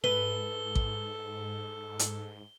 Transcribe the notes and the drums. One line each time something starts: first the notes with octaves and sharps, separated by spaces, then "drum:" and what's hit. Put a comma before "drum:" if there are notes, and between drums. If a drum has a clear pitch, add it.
G#2 A4 B4 G7
drum: kick A1
drum: hi-hat